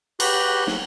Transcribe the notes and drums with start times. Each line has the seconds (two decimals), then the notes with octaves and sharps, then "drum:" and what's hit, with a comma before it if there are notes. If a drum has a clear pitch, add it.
0.20 F#4 G4 B4, drum: cymbal
0.67 drum: snare